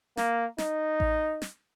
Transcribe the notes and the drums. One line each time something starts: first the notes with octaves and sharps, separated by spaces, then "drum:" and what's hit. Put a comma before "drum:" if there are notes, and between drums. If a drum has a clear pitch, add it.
A#3, drum: snare
D#4, drum: snare
drum: kick A1
drum: snare